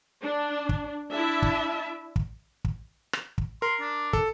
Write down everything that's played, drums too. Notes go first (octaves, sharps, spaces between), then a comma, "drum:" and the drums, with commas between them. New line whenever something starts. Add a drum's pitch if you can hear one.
D4
drum: kick
D4 E4 E5 A5
drum: kick
drum: kick
drum: kick
drum: rim click
drum: kick
A#4 C6
D4
A4, drum: kick